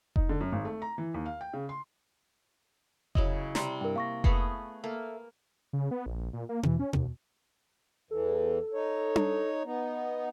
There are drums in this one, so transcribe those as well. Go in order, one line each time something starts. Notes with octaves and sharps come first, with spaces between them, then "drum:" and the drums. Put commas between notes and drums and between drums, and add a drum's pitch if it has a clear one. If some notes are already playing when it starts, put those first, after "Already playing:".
D#4, drum: kick F1
D3
F#2
G#1
A3
A#5
E3
D#2
F5
G5
C#3
C6
C#3 F#3 E4 D#5, drum: kick F1
C3 G3 A#5 C6, drum: snare
G2 A#4 G5
A#3 F5 C#6 A#6
A3 B3 G#4, drum: kick F1
A#3 A4 E5
C#3
B3
A#1
A#2
A#3
E3, drum: tom B2
C#4
D#2, drum: tom B2
E2 E3 A4
D#4 C#5
drum: tom D4
B3 D#4